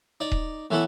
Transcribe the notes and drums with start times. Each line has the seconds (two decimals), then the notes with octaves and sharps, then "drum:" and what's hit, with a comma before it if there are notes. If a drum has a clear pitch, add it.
0.20 D#4 D5
0.32 drum: kick D#1
0.71 A2 E3 A3 B3 E4 A4